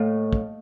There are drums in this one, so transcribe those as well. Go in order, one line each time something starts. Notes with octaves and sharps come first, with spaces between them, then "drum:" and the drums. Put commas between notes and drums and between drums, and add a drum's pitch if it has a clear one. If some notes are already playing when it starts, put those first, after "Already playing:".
Already playing: A2 A3 D#5 F5
drum: kick